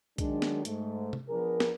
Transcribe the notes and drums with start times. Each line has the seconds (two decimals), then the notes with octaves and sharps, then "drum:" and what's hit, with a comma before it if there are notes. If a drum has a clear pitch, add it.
0.18 D#3 F#3 G#3 D4, drum: kick B1, hi-hat
0.42 drum: snare
0.65 G#2 A3, drum: hi-hat
1.13 drum: tom C3
1.29 F3 B3 D4 G#4 A#4
1.60 drum: snare